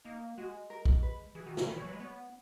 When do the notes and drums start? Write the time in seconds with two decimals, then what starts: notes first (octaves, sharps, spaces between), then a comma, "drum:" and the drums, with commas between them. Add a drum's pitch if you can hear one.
0.04 A#3 D#4
0.37 G#3 F#4
0.70 A#4
0.85 drum: kick
1.03 B4
1.35 E3 G#4
1.46 D#3 F#4
1.57 C#3 A#4, drum: snare
1.68 D#3 B4
1.77 E3 C#5
1.84 F#3
1.88 B4
1.93 G#3
2.00 B3 C#5